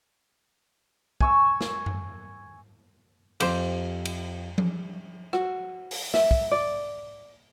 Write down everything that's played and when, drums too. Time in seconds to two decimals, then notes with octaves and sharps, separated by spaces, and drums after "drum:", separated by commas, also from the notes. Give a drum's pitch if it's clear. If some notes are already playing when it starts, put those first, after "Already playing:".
1.21 G#5 C#6 E6, drum: kick
1.61 drum: snare
1.86 drum: tom F#2
3.40 F2 G4 C5, drum: cymbal
4.05 drum: cymbal
4.58 drum: tom F3
5.33 F#4, drum: rim click
5.91 drum: open hi-hat
6.14 E5, drum: snare
6.31 drum: kick
6.51 D5